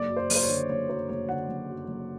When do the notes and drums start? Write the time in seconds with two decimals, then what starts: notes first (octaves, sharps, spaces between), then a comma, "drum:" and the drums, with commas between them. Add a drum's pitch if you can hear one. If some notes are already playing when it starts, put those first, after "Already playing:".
Already playing: F#1 D5
0.09 F#2
0.17 C5
0.30 F#1, drum: open hi-hat
0.36 C5
0.43 C#5
0.49 D3
0.69 F#1 C#5
0.89 F#2 C5
1.09 F#1 C#5
1.29 D3 F#5
1.48 F#1
1.68 F#2
1.87 F#1